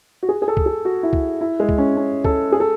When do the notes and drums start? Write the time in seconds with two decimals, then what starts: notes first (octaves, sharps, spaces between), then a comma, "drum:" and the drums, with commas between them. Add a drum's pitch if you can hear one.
0.23 F#4
0.29 G#4
0.42 G#4
0.48 A4
0.57 drum: kick C#2
0.66 G#4
0.85 F#4
1.03 E4
1.13 drum: kick C#2
1.41 E4
1.60 G#3
1.69 drum: kick C#2
1.78 C#4
1.97 C#4
2.24 A4, drum: kick C#2
2.52 G#4
2.60 A4